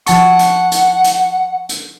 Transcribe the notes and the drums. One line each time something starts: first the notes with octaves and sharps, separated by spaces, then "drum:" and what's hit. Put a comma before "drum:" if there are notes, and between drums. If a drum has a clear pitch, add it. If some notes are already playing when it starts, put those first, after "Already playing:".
F3 F#5 A5 C#6, drum: hi-hat
drum: hi-hat
drum: hi-hat
drum: hi-hat
drum: hi-hat